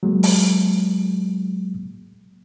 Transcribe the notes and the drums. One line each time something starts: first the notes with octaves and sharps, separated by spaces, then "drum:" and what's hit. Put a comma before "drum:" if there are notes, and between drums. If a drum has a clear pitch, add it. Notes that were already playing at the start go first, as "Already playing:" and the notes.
F#3 G#3 A#3
drum: open hi-hat